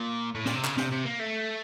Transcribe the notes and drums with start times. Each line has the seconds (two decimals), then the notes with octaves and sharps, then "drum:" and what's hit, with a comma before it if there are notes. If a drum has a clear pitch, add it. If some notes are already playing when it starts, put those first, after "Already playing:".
Already playing: A#2
0.35 A2
0.46 A#2, drum: snare
0.55 C3
0.64 C#3, drum: clap
0.77 C3, drum: snare
0.92 C3
1.06 A#3
1.20 A3